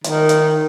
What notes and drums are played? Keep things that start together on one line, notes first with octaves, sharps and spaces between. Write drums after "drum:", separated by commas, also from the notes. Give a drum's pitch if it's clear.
D#3, drum: hi-hat
drum: hi-hat